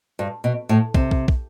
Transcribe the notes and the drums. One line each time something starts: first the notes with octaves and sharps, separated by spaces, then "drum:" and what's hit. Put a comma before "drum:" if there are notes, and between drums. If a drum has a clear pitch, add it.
G2
B2
A2
C3, drum: kick
drum: kick
drum: kick